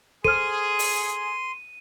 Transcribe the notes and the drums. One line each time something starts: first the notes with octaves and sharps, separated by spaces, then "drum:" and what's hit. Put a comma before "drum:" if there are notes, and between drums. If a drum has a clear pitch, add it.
G#4 A4 C5 C6 F6 D#7, drum: kick
drum: open hi-hat